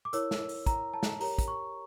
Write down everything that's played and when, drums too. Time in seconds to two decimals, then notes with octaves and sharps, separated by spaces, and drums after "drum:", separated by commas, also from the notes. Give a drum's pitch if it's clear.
0.05 D6
0.13 E4 A#4 C#5 E6, drum: hi-hat
0.31 drum: snare
0.49 drum: open hi-hat
0.66 A#5, drum: kick, hi-hat
0.94 A5
1.03 drum: snare
1.20 G4 A#4 C#5 A#5, drum: open hi-hat
1.38 drum: kick, hi-hat
1.48 C#6